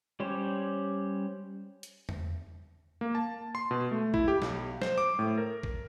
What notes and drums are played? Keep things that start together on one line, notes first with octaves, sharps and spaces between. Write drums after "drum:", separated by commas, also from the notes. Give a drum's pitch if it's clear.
G3 C#4 G4 C5 C#5
drum: hi-hat
drum: tom E2
A#3
A5
C6
B2
A3
E4, drum: kick
G4
B1, drum: snare
C5, drum: snare
D6
A2
A#4
drum: kick